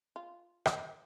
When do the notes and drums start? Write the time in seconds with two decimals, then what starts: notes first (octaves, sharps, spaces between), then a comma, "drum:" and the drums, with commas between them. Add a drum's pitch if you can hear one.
0.16 F4
0.66 drum: rim click